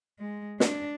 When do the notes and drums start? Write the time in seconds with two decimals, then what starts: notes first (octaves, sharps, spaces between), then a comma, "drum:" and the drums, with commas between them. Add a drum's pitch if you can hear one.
0.19 G#3
0.60 D4, drum: snare